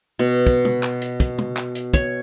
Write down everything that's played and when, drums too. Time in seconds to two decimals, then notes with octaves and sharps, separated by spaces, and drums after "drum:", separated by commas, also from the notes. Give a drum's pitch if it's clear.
0.19 B2
0.47 drum: kick, hi-hat
0.65 drum: tom
0.83 drum: clap
1.02 drum: hi-hat
1.20 drum: kick, hi-hat
1.38 drum: tom
1.57 drum: clap
1.75 drum: hi-hat
1.94 C#5, drum: kick, hi-hat